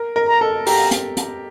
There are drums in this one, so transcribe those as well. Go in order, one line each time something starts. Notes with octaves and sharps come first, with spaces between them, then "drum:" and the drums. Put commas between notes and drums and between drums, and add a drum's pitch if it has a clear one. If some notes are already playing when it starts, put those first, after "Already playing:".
Already playing: A#4
A#4
A#5
A4
G4 A#5, drum: open hi-hat
drum: hi-hat
drum: hi-hat